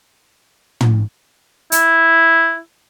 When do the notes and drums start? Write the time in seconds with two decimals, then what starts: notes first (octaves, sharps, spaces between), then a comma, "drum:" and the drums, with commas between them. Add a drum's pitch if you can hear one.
0.81 drum: tom
1.72 E4, drum: hi-hat